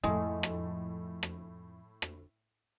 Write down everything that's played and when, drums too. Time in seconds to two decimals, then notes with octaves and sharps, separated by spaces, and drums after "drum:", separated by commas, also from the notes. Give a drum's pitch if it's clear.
0.04 F2 A2 F3 G#3 A3
0.43 drum: rim click
1.23 drum: rim click
2.02 drum: rim click